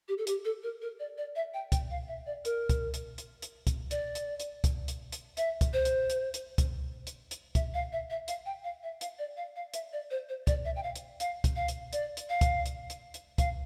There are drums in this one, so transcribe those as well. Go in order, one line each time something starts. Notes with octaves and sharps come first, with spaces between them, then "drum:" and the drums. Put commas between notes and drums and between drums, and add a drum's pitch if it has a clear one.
G4
A4
G4, drum: hi-hat
A4
A#4
A#4
D5
D5
E5
G5
G5, drum: kick, hi-hat
F5
E5
D5
A#4, drum: hi-hat
drum: kick, hi-hat
drum: hi-hat
drum: hi-hat
drum: hi-hat
drum: kick, hi-hat
D5, drum: hi-hat
drum: hi-hat
drum: hi-hat
drum: kick, hi-hat
drum: hi-hat
drum: hi-hat
E5, drum: hi-hat
drum: kick, hi-hat
C5
drum: hi-hat
drum: hi-hat
drum: hi-hat
drum: kick, hi-hat
drum: hi-hat
drum: hi-hat
E5, drum: kick, hi-hat
F5
E5
E5
F5, drum: hi-hat
G5
F5
E5
F5, drum: hi-hat
D5
F5
F5
E5, drum: hi-hat
D5
C5
C5
D5, drum: kick, hi-hat
E5
G5
F5
drum: hi-hat
F5, drum: hi-hat
drum: kick, hi-hat
F5
drum: hi-hat
D5, drum: hi-hat
drum: hi-hat
F5
drum: kick, hi-hat
drum: hi-hat
drum: hi-hat
drum: hi-hat
F5, drum: kick, hi-hat